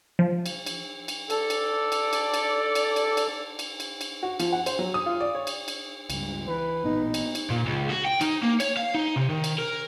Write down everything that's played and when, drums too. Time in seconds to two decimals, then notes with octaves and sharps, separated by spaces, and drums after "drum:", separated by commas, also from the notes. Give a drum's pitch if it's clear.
0.19 F3
0.46 drum: cymbal
0.67 drum: cymbal
1.08 drum: cymbal
1.30 A4 D5, drum: cymbal
1.50 drum: cymbal
1.92 drum: cymbal
2.13 drum: cymbal
2.34 drum: cymbal
2.75 drum: cymbal
2.96 drum: cymbal
3.17 drum: cymbal
3.59 drum: cymbal
3.80 drum: cymbal
4.01 drum: cymbal
4.23 F#4
4.40 F3, drum: cymbal
4.52 F#5
4.66 C5, drum: cymbal
4.79 F#3
4.94 D#6
5.06 F4
5.20 D5
5.35 C#5
5.47 drum: cymbal
5.68 drum: cymbal
6.10 C#2 G2, drum: cymbal
6.48 E3 B4
6.84 A1 A#2 B3 D#4
7.14 drum: cymbal
7.35 drum: cymbal
7.50 A#2
7.66 C#2
7.90 F#4
8.05 G5
8.21 D#4, drum: cymbal
8.43 A#3
8.60 C#5, drum: cymbal
8.77 F5
8.95 D#4
9.16 C3
9.30 D#3
9.44 drum: cymbal
9.59 A#4